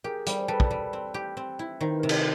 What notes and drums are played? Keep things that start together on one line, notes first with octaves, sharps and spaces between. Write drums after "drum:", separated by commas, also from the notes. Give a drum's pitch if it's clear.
G4 G#4 A#4
G3, drum: hi-hat
C5
G3 A4 B4
drum: kick
G3
C4
G4
C4
E4
D#3 C5
B4
C3 A#4
A4 B4, drum: cymbal